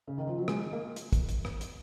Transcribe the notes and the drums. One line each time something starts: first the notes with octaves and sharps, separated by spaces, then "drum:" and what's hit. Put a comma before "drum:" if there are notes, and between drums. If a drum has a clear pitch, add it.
C#3
D#3
F3
F#3
G#3, drum: rim click
A#3
drum: hi-hat
drum: kick, hi-hat
drum: hi-hat
drum: rim click
drum: hi-hat